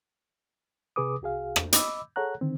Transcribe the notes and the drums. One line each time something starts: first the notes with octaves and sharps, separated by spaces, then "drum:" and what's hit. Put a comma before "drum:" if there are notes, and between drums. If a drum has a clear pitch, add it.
C3 G#4 B4 D6 D#6
C2 F#4 G#4 F5
drum: rim click
D#5 B5 D6 E6, drum: hi-hat
G#4 A4 C#5 F#5 A#5 F#6
D3 D#3 C4